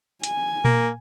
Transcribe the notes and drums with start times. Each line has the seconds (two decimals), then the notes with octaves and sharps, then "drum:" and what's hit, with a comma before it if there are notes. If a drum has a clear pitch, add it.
0.23 G#5, drum: hi-hat
0.65 A#3, drum: tom A#2